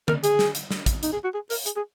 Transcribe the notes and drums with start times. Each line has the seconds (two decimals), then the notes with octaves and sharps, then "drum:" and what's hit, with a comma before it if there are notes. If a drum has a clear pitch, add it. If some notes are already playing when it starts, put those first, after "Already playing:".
0.08 A#4, drum: tom D3
0.24 G#4, drum: hi-hat
0.39 drum: snare
0.55 drum: hi-hat
0.71 drum: snare
0.86 drum: kick, hi-hat
1.03 D#4, drum: hi-hat
1.12 G#4
1.24 F#4
1.34 G#4
1.50 A#4, drum: open hi-hat
1.66 G#4, drum: hi-hat
1.76 G#4